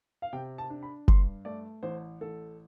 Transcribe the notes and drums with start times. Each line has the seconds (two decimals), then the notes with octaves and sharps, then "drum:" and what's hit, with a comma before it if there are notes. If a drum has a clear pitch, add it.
0.22 F5
0.33 C3 G5
0.58 A5
0.70 D4
0.83 B5
1.08 G2 C6, drum: kick F#1
1.45 A3 D5
1.83 A1 C5
2.21 A1 A4